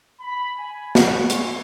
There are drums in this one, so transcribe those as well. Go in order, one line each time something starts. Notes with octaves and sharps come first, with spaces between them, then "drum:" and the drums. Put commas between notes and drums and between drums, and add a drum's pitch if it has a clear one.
B5
G#5
G3 D4 F#4 B4 C#5 F#5, drum: snare
A3 A#3 G#5 C6 C#6, drum: hi-hat